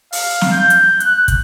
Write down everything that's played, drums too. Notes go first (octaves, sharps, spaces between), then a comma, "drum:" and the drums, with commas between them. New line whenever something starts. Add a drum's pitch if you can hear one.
F5, drum: open hi-hat
drum: snare
G6
drum: hi-hat
F#6, drum: hi-hat
drum: kick, hi-hat